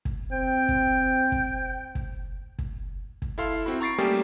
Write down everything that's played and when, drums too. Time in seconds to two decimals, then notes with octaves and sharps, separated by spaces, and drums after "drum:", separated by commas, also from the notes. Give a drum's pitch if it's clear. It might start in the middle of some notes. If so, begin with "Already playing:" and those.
0.05 drum: kick
0.32 C4 G5
0.69 drum: kick
1.32 drum: kick
1.95 drum: kick
2.59 drum: kick
3.22 drum: kick
3.38 E4 A4 F5 C6
3.65 C4 E4 F#4 B5
3.81 A#5 C#6 A6 C7 D7
3.98 G3 A3 A#3 C#4 G4 G#4